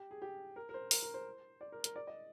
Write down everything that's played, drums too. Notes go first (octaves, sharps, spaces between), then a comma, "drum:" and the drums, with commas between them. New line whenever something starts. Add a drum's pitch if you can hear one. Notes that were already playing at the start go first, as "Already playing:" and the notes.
Already playing: G4
G#4
G4
A#4
A#4
C5
A#4, drum: open hi-hat
A#4
C5
D5
A#4
A#4, drum: hi-hat
D5
D#5